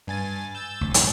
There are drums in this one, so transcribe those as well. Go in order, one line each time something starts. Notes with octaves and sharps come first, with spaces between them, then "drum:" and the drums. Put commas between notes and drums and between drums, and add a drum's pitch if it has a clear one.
G2 G#5 A6
E6 G6 A6
F1 D2
A#1 G#2 B2 G#3, drum: hi-hat